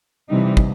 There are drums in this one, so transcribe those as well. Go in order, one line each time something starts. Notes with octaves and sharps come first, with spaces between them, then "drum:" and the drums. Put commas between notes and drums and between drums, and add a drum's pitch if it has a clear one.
C3 E3 G3 D#4
drum: kick